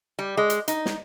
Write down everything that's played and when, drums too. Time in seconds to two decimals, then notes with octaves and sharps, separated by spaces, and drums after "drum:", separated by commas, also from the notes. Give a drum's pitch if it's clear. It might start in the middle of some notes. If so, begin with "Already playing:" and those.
0.19 G3
0.37 G#3
0.50 drum: hi-hat
0.68 D#4, drum: hi-hat
0.86 drum: snare